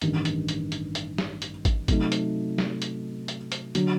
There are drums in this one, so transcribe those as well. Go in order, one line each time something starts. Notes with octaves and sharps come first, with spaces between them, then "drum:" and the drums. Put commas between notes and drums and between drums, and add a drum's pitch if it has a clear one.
A1 G2 D#3, drum: hi-hat
drum: hi-hat
drum: hi-hat
drum: hi-hat
drum: hi-hat
drum: snare
drum: hi-hat
drum: kick G#1, hi-hat
C3 F#3 A3 D#4, drum: kick G#1, hi-hat
drum: hi-hat
drum: snare
drum: hi-hat
drum: hi-hat
drum: hi-hat
D3 F#3, drum: hi-hat